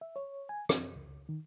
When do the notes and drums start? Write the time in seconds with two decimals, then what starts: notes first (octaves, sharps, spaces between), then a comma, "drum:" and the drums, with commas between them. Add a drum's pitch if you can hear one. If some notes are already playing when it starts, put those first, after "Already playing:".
0.01 E5
0.16 C#5
0.49 G#5
0.69 C4, drum: rim click
0.96 C#2
1.29 D#3